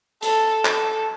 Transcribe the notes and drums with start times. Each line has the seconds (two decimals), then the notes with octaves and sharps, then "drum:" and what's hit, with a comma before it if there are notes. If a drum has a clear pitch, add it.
0.22 A4, drum: hi-hat
0.65 A4, drum: clap